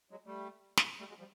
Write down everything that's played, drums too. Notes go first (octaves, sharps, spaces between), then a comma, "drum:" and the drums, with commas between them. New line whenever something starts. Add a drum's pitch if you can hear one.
F#3 G#3
G3 A3
drum: snare
G3 A3
F#3 G#3
F3 G3